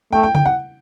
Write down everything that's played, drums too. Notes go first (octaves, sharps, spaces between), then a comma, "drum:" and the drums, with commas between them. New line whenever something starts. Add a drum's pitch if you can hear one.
A3 G5
G5
G5, drum: tom C#3
F#5